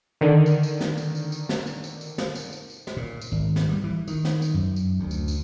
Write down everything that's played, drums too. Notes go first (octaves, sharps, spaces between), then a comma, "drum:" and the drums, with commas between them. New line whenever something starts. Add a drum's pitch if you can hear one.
D3 D#3
drum: tambourine
drum: tambourine
drum: snare
drum: tambourine
drum: tambourine
drum: tambourine
drum: snare
drum: tambourine
drum: tambourine
drum: tambourine
drum: snare
drum: tambourine
drum: tambourine
drum: tambourine
drum: snare
A#2
drum: tambourine
G#1
drum: snare
G3
E3
D#3, drum: tambourine
drum: snare
drum: tambourine
F#2
drum: tambourine
D2
drum: tambourine
drum: tambourine